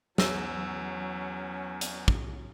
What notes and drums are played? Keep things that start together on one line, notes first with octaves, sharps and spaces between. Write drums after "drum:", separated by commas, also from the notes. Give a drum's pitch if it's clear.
E2 F#3 C#4 E6, drum: snare
drum: hi-hat
drum: kick